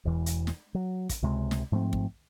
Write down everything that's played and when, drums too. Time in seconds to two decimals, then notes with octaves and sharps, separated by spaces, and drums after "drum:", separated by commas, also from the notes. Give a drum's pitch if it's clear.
0.05 E1 E2 E3
0.26 drum: hi-hat
0.47 drum: snare
0.75 F#3
1.09 drum: kick, hi-hat
1.23 C#2 C3 G#3
1.51 drum: snare
1.72 G#2 F3 A3 C4
1.93 drum: kick